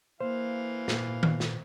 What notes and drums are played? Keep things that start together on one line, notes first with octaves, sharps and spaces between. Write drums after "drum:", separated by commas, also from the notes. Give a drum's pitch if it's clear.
E3 A#3 C5 F5
A#2, drum: snare
drum: tom D#3
drum: snare